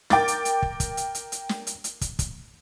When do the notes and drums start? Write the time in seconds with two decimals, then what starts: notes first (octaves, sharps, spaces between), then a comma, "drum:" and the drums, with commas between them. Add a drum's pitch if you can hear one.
0.10 A#4 G5 D6 A6, drum: snare
0.28 drum: hi-hat
0.45 drum: hi-hat
0.62 drum: kick
0.80 drum: kick, hi-hat
0.97 drum: hi-hat
1.15 drum: hi-hat
1.32 drum: hi-hat
1.49 drum: snare
1.67 drum: hi-hat
1.84 drum: hi-hat
2.01 drum: kick, hi-hat
2.19 drum: kick, hi-hat